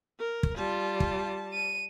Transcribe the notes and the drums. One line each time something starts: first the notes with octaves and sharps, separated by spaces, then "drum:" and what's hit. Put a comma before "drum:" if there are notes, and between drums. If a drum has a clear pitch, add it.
A#4
drum: kick
G3 F4 A5
drum: kick
D#7